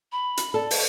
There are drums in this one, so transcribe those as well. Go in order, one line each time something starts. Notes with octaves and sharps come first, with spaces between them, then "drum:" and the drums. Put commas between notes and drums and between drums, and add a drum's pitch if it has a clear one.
B5
drum: hi-hat
A4 D5
drum: open hi-hat